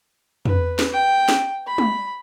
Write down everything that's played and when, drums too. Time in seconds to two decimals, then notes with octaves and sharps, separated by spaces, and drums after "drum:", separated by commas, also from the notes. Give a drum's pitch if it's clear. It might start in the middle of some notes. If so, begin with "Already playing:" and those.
0.46 B4, drum: tom
0.79 drum: snare
0.93 G5
1.29 drum: snare
1.67 B5
1.78 drum: tom